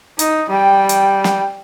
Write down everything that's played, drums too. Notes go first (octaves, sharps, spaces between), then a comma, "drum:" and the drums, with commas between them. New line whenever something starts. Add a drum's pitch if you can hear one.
D#4, drum: hi-hat
G3 G5
drum: hi-hat
drum: snare